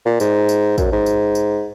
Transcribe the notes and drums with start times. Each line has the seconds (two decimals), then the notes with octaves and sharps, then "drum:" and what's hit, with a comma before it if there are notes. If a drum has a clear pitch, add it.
0.05 A#2
0.20 G#2, drum: tambourine
0.49 drum: tambourine
0.78 F#2, drum: kick, tambourine
0.92 G#2
1.06 drum: tambourine
1.35 drum: tambourine